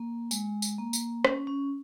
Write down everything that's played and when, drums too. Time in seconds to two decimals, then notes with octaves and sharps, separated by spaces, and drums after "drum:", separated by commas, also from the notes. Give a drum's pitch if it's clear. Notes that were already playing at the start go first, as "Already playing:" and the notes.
Already playing: A#3
0.31 G#3, drum: tambourine
0.62 drum: tambourine
0.78 A#3
0.93 drum: tambourine
1.25 C#4, drum: rim click
1.47 C#4